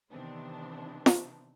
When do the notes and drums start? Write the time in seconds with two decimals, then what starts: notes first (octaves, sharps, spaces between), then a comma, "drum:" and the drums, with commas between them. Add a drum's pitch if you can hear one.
0.11 C3 D#3 E3 B3 C4 D4
1.06 drum: snare